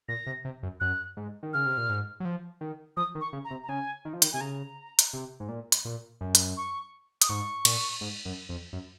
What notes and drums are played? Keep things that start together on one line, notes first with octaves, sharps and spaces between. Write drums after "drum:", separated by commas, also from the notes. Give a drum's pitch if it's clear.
A#2 A#6
C3
C3
F#2
F#2 F#6
G#2
D#3
C#3 F6
C3
A#2
G#2
F#3
F3
D#3
F3 D#6
D#3
C#6
C#3
A#5
C3
A#5
C#3 G#5
D#3
F3
D#3, drum: hi-hat
C3 G#5
C#3 A#5
drum: hi-hat
C3
G#2
A#2
drum: hi-hat
A#2
F#2
drum: hi-hat
C#6
D#6, drum: hi-hat
G#2 C#6
A#2, drum: cymbal
G#2
F#2
F2
F#2